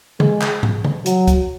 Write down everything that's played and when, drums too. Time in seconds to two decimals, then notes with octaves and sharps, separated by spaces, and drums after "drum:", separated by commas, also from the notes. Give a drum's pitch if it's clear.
0.20 G#3, drum: tom C#3
0.42 drum: clap
0.63 drum: tom
0.85 drum: tom C#3
1.06 F#3, drum: hi-hat
1.28 drum: kick C#2, hi-hat